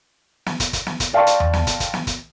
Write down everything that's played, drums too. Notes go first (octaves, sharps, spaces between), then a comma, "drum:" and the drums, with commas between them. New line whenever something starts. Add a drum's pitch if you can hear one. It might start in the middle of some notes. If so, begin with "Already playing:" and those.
drum: snare
drum: kick, hi-hat
drum: kick, hi-hat
drum: snare
drum: kick, hi-hat
D5 F5 G5 A5 C6 C#6
drum: hi-hat
drum: tom E2
drum: snare
drum: kick, hi-hat
drum: kick, hi-hat
drum: snare
drum: kick, hi-hat